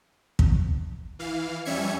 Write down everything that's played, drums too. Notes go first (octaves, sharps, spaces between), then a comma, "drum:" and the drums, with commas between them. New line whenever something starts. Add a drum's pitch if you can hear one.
drum: kick
E3 F5
F2 G3 C#4 E5 G#6 C#7